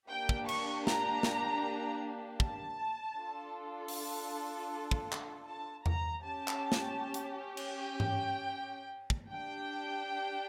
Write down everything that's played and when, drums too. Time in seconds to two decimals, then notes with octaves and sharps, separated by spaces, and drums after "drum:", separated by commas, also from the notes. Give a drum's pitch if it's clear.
0.10 A#3 D4 G4 G5
0.29 drum: kick
0.49 C#6, drum: cymbal
0.87 A#5, drum: snare
1.23 drum: snare
2.40 A5, drum: kick
3.18 D4 F4 A4
3.88 drum: open hi-hat
4.91 drum: kick
5.12 drum: clap
5.48 A5
5.86 A#5, drum: tom E2
6.24 C#4 G4 A5
6.48 drum: clap
6.72 drum: snare
7.14 drum: hi-hat
7.57 drum: cymbal
7.78 G5
8.00 drum: tom G#2
9.10 drum: kick
9.31 D4 G4 G5